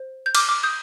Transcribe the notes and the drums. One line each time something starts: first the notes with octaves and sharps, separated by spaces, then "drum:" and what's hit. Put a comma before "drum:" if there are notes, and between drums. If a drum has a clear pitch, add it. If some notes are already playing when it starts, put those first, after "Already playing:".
Already playing: C5
G6
D6 F6, drum: cymbal
D6 F6
D#6 G6